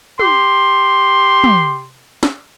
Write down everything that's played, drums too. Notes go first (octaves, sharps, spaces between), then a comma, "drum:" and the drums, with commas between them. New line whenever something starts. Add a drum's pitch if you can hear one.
G4 C6, drum: tom
drum: tom
drum: snare